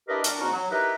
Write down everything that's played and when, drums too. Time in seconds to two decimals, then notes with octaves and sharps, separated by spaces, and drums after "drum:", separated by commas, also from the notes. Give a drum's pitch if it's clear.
0.08 D4 E4 G4 A#4 B4 D#5
0.24 D4 F#4 A#4, drum: hi-hat
0.40 G#2 B2 C#4 D#4 F#4
0.53 F#3
0.71 D#4 E4 G4 A#4 B4